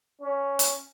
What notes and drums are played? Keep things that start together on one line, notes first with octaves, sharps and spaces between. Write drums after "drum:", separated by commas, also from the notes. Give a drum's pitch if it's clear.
C#4
drum: hi-hat